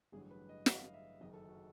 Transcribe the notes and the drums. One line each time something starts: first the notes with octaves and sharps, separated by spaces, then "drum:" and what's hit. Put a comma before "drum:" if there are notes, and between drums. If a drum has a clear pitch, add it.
A1 G2 D3 F#3 G#4
B4
D#5
F5, drum: snare
E5
F#1 F#2 D#3 D#5
A4
F#4